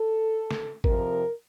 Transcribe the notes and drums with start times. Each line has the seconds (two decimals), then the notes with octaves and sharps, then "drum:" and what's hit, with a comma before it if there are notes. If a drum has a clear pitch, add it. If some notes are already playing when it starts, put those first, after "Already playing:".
Already playing: A4
0.51 drum: snare
0.84 F2 C3 F3 A#4, drum: kick G#1